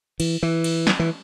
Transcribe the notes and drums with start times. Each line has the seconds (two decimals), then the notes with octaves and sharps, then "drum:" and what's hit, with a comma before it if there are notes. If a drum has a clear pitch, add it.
0.20 E3, drum: cymbal
0.43 E3
0.64 drum: cymbal
0.87 drum: snare
0.99 E3